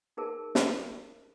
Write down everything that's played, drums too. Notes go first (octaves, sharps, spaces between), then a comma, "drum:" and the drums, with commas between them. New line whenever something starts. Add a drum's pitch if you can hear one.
D#4 G#4 A#4 A5
drum: snare